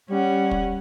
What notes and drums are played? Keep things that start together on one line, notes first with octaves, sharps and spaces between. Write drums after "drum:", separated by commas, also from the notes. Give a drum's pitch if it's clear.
G3 C#4 F#5
drum: kick